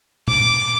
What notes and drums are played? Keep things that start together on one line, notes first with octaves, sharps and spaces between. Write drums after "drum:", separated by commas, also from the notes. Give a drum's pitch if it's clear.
D6, drum: tom